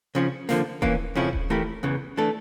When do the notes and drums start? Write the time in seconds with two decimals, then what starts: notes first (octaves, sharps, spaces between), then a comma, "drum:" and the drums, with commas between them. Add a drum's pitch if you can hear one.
0.15 C#3 F3 C#4
0.49 D3 F3 A#3, drum: snare
0.82 E3 A#3 C#4, drum: kick D#1
1.15 F2 C#3 F3 C#4 E4
1.33 drum: kick D#1
1.50 E3 A3 E4 G4 A#4
1.83 E2 C#3 E3
2.17 E3 A3 D4 A4